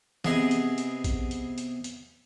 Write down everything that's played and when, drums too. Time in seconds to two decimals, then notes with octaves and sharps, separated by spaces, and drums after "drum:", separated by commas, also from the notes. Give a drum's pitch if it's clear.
0.24 C3 B3 G#4 D#5 G#5, drum: snare
0.51 drum: hi-hat
0.78 drum: hi-hat
1.04 drum: kick, hi-hat
1.31 drum: hi-hat
1.58 drum: hi-hat
1.84 drum: hi-hat